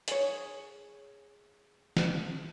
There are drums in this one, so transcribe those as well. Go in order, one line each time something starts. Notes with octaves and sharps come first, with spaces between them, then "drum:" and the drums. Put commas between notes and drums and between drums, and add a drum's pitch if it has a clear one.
G#4 C#5, drum: hi-hat
drum: snare